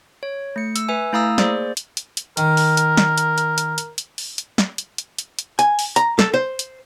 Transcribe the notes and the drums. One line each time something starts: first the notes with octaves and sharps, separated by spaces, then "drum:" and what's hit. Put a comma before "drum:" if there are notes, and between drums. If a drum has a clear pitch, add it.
C#5
A3 C#7
E6, drum: hi-hat
B4 E5 G#5
A3 E4 F5 A#5 D#6 E6
A#3 G#4 C5 D5, drum: snare
drum: hi-hat
drum: hi-hat
drum: hi-hat
D#3 A#4, drum: hi-hat
drum: open hi-hat
drum: hi-hat
drum: snare
drum: hi-hat
drum: hi-hat
drum: hi-hat
drum: hi-hat
drum: hi-hat
drum: open hi-hat
drum: hi-hat
drum: snare
drum: hi-hat
drum: hi-hat
drum: hi-hat
drum: hi-hat
G#5, drum: hi-hat
drum: open hi-hat
A#5, drum: hi-hat
A4, drum: snare
C5
drum: hi-hat